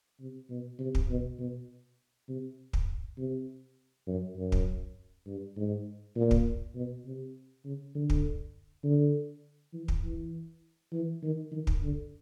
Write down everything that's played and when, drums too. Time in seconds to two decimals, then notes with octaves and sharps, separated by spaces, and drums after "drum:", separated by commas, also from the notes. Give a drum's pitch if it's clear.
0.20 C3
0.50 B2
0.79 C3
0.95 drum: kick
1.09 B2
1.39 B2
2.29 C3
2.73 drum: kick
3.18 C3
4.07 F#2
4.37 F#2
4.52 drum: kick
5.27 G2
5.57 G#2
6.16 A#2
6.31 drum: kick
6.75 B2
7.05 C3
7.65 C#3
7.95 D3
8.10 drum: kick
8.84 D3
9.73 E3
9.88 drum: kick
10.04 E3
10.93 E3
11.23 D#3
11.52 D#3
11.67 drum: kick
11.82 D3